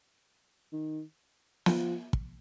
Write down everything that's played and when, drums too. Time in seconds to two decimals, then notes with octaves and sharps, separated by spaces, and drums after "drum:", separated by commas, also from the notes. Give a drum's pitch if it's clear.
0.72 D#3
1.66 F3, drum: snare
2.13 drum: kick